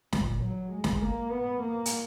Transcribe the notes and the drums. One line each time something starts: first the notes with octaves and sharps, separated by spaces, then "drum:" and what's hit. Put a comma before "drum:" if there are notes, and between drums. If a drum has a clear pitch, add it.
A#2, drum: snare
F#3
G#3
drum: snare
A#3
B3
A#3
drum: hi-hat